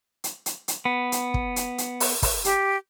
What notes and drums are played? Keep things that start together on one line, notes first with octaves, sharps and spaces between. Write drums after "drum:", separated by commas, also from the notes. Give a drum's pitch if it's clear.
drum: hi-hat
drum: hi-hat
drum: hi-hat
B3
drum: hi-hat
drum: kick
drum: hi-hat
drum: hi-hat
drum: open hi-hat
drum: kick, open hi-hat
G4, drum: hi-hat